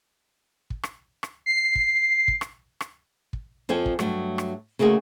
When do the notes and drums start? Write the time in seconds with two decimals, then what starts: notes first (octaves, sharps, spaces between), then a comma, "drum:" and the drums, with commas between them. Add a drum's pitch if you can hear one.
0.70 drum: kick
0.83 drum: rim click
1.23 drum: rim click
1.46 C7
1.75 drum: kick
2.28 drum: kick
2.41 drum: rim click
2.81 drum: rim click
3.33 drum: kick
3.69 F2 F3 A4 G#5
3.86 drum: kick
3.99 G2 F#3 A3, drum: rim click
4.38 drum: rim click
4.79 C#3 A3 A#3 F#4 G#4